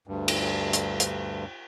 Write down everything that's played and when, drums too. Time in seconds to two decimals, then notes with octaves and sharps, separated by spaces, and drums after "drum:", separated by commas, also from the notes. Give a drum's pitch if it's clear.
0.07 D2 G2
0.28 drum: cymbal
0.73 drum: hi-hat
1.00 drum: hi-hat